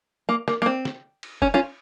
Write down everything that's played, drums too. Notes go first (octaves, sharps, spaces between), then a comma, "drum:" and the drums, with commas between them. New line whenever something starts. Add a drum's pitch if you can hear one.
A#3
A#3, drum: snare
A#3
C4
drum: snare
drum: cymbal
C#4, drum: kick
C#4 F4